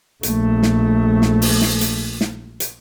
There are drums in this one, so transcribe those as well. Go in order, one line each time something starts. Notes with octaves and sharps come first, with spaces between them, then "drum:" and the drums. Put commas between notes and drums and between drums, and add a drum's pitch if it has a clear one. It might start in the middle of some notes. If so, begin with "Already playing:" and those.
A#1 A3, drum: hi-hat
drum: snare
drum: snare
drum: open hi-hat
drum: snare
drum: hi-hat
drum: snare
drum: hi-hat